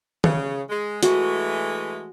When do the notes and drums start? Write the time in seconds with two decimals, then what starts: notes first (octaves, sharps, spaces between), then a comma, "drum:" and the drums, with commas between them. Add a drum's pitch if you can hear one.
0.24 C#3, drum: tom
0.70 G#3
1.03 E3 G#3 A3 F#4, drum: hi-hat